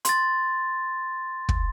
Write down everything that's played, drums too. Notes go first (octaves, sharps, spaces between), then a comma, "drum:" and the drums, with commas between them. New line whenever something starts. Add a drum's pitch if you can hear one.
C6 A6, drum: hi-hat
drum: kick